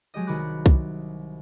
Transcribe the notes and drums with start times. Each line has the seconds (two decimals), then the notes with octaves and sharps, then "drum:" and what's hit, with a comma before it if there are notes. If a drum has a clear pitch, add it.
0.14 F#3 G#3 G4 D#5
0.27 C2 D#3 F#4 B5 D6 F#6
0.66 drum: kick C2